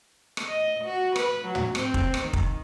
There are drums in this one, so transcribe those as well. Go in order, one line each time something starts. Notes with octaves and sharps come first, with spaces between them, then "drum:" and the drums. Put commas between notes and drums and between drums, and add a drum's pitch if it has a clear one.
drum: rim click
D#5
F#4
B4, drum: rim click
F#3
drum: tom
C4, drum: rim click
drum: kick
drum: rim click
D#3
drum: kick